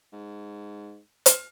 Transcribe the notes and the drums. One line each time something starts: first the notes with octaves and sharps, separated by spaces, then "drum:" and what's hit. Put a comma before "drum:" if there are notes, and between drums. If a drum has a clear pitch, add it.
G#2
drum: hi-hat